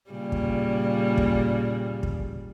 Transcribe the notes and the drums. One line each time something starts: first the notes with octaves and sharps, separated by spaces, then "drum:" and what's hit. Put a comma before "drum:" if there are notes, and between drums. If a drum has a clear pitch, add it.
A#2 C#3 G3
drum: kick
drum: kick
drum: kick